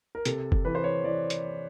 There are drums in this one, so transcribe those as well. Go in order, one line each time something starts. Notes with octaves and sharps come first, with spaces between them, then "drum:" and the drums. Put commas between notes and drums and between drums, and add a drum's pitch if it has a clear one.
A#4
C3 A4, drum: hi-hat
drum: kick
E3 B4
C5
C#5
E3 D5
drum: hi-hat